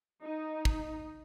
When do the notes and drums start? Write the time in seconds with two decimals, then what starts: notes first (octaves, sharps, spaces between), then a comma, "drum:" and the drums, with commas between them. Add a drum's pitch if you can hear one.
0.22 D#4
0.65 drum: kick